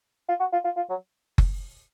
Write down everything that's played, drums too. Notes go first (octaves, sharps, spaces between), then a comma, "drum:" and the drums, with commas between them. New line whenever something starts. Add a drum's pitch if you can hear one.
F4
F#4
F4
F4
F4
F#3
drum: kick F#1